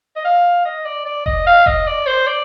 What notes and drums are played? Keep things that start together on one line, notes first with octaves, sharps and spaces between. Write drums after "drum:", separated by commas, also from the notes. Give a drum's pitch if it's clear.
D#5
F5
D#5
D5
D5
D#5, drum: kick F1
F5
D#5, drum: kick F1
D5
C5
D5